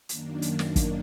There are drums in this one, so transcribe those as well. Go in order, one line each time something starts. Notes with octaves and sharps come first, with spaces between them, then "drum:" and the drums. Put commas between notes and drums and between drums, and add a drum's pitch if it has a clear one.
F#2 D#3 A#3 D4, drum: hi-hat
drum: hi-hat
drum: snare
drum: kick, hi-hat